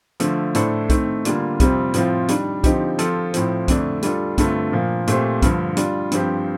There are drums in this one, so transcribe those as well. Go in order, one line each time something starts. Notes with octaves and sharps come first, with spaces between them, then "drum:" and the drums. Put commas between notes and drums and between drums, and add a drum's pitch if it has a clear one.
D3 F3 A3, drum: hi-hat
A2 A3 D4 A4 C5, drum: hi-hat
D#3 A3 C4, drum: kick B1, hi-hat
D3 G3 A#3 D4 F4, drum: hi-hat
F2 C3 G3 C4 F4, drum: kick B1, hi-hat
A2 F3 C4 F4, drum: hi-hat
D#3 G3 D4, drum: hi-hat
D3 F3 C4 D#4 G4, drum: kick B1, hi-hat
F3 C4 F4 A4, drum: hi-hat
A2 F3 C4, drum: hi-hat
F2 D3 A3 D4, drum: kick B1, hi-hat
G3 D4 F4 A4, drum: hi-hat
G2 D3 A3 C4 F4, drum: kick B1, hi-hat
A#2 F3 A#3
A#2 A3 C4 G4 C5, drum: hi-hat
G2 D3 F3, drum: kick B1, hi-hat
G3 D4 F4, drum: hi-hat
G2 F3 C4 G4 C5, drum: hi-hat